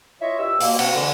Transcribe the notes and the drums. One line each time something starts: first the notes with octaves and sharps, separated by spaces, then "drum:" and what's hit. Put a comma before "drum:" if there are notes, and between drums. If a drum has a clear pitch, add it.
E4 F4 C#5 D#5 E5
G2 G4 E6
B2 A#3, drum: open hi-hat
B3 C4 F#4 F#5, drum: cymbal
D3 E3